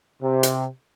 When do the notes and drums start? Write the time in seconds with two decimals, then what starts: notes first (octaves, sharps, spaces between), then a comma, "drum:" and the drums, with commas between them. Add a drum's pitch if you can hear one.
0.22 C3
0.43 drum: hi-hat